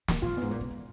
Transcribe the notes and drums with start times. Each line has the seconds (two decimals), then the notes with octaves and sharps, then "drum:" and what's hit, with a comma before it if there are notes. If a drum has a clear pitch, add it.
0.08 A#2, drum: snare
0.22 A#2 F4
0.32 F#2
0.37 B3
0.41 G#2
0.51 A#2
0.61 C#3
0.70 D#3